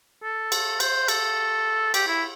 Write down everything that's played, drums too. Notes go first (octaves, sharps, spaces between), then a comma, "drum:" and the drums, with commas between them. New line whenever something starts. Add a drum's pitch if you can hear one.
A4
drum: cymbal
C5, drum: cymbal
A4, drum: cymbal
G4, drum: cymbal
E4